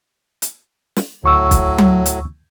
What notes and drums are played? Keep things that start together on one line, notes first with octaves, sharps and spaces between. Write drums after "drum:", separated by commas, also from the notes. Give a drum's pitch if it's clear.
drum: hi-hat
drum: snare
D2 A2 F#3 C#6 E6
drum: kick, hi-hat
drum: tom F#3
drum: hi-hat